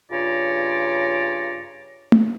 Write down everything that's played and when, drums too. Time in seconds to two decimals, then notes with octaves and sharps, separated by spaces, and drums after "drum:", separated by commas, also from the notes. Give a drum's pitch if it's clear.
0.11 G2 C#3 F4 C#5 D5 A#5
2.12 drum: tom A3